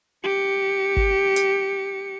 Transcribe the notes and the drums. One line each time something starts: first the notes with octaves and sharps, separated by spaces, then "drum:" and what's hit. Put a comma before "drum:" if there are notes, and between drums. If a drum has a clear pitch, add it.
G4 C#7
drum: kick G1
drum: hi-hat